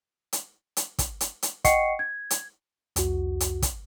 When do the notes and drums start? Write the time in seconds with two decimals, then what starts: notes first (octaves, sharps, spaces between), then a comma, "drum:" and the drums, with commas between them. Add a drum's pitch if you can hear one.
0.33 drum: hi-hat
0.77 drum: hi-hat
0.99 drum: kick, hi-hat
1.21 drum: hi-hat
1.43 drum: hi-hat
1.65 D#5 F#5 G5 C#6 C7 C#7, drum: kick, hi-hat
1.99 G#6
2.30 drum: hi-hat
2.96 C2 F2 F#4, drum: hi-hat
3.40 drum: hi-hat
3.62 drum: kick, hi-hat